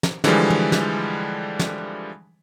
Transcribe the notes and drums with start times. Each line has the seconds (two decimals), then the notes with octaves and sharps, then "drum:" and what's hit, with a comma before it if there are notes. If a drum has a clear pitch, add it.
0.03 drum: snare
0.24 D3 E3 F3 G3 G#3, drum: snare
0.50 drum: tom
0.72 drum: snare
1.59 drum: snare